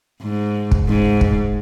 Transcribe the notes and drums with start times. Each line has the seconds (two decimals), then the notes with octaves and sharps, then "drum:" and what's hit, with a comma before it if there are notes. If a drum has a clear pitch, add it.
0.22 G#2
0.71 drum: kick
0.88 G#2
1.21 drum: kick